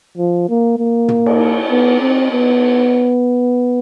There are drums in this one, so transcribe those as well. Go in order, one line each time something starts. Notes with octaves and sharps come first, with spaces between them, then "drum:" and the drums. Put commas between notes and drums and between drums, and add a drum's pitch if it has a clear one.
F3
A#3
A#3
drum: tom
drum: cymbal
B3
C4
B3